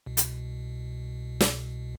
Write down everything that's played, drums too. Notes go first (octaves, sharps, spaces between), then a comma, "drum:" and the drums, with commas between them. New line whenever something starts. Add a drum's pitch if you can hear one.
C2 B2
drum: hi-hat
drum: snare